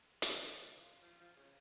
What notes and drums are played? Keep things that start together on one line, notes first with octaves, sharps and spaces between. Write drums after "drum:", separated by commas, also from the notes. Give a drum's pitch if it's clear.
A#2, drum: hi-hat
C#3
F4
F3
F3
C#3